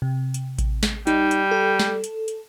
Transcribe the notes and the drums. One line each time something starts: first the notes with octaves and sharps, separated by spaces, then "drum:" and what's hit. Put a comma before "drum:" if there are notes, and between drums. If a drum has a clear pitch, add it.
C3
drum: hi-hat
drum: kick A1, hi-hat
drum: snare
G3 D#4, drum: hi-hat
drum: hi-hat
A4
drum: snare
drum: hi-hat
drum: hi-hat